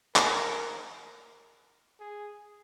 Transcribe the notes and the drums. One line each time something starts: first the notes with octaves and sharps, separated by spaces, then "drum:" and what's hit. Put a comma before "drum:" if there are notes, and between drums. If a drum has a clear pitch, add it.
A#4, drum: clap
G#4